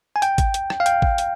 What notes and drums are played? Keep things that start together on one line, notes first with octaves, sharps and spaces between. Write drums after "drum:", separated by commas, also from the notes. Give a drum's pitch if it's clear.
G#5
G5, drum: hi-hat
drum: kick G#1, hi-hat
drum: hi-hat
drum: rim click
F5
G5, drum: hi-hat
drum: kick G#1
drum: hi-hat